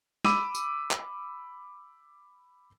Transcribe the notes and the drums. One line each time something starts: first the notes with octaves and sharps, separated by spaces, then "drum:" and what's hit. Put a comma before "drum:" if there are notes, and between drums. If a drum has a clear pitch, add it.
B5 D6 E6 D#7, drum: snare
drum: tambourine
drum: clap